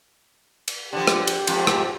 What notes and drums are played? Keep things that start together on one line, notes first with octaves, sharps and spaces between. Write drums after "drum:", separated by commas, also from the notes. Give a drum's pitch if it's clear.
drum: cymbal
D3 F3 G4
drum: rim click
drum: cymbal
F2 G#2 F4, drum: cymbal
drum: rim click